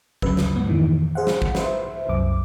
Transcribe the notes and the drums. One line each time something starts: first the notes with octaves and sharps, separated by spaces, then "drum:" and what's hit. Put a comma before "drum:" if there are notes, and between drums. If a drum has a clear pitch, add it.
D2 G2 C#3 F#3 B4 E6, drum: kick
drum: snare
G#2 B3
F2 A#2 D#3 E3
G#4 C5 F5 F#5
drum: snare
drum: kick
B4 C5 E5, drum: snare
C2 F#2 D6